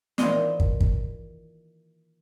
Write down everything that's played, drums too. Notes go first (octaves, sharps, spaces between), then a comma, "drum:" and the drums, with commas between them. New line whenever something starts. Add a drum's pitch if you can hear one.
A#2 D#3 E3 C5 D#5 F5, drum: snare
drum: kick
drum: kick